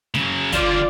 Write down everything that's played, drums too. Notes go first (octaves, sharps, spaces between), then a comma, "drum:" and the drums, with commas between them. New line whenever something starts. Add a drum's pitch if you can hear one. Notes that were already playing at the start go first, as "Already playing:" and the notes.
C#3 F#3, drum: snare
D3 G3 F4 D5, drum: kick, hi-hat